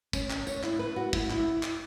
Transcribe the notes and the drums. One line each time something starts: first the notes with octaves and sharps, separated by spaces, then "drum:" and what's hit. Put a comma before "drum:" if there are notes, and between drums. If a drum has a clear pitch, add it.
C#4, drum: kick, tambourine
C#4, drum: clap
C#5, drum: tambourine
E4, drum: clap
B4
F#4
E4, drum: kick
E4, drum: clap
drum: clap